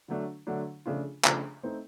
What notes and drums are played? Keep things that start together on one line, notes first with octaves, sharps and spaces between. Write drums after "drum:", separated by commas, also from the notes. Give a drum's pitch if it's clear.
D3 F#3 A3 D4
D3 F#3 A3 D4
C#3 F3 A3 D4 F4
C#3 F3 A3 D4 F4, drum: clap
A3 C4 D#4